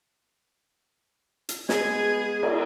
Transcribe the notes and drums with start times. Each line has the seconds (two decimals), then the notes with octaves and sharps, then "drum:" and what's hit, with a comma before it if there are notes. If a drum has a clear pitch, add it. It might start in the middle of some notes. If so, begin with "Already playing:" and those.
1.49 drum: hi-hat
1.69 G#3 B3 G#4 G#5 G#6, drum: snare
2.43 drum: cymbal